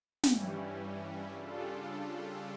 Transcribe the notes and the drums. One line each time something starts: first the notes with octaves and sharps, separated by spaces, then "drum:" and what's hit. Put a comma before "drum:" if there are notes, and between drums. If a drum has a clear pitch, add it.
G2 E3 G3 C#4, drum: snare
C#3 G3 D4 F4 A4